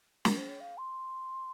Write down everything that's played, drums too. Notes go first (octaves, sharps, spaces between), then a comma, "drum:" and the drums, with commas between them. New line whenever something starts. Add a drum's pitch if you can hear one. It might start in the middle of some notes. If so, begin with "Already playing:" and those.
A#4, drum: snare
C5
C#5
F5
C6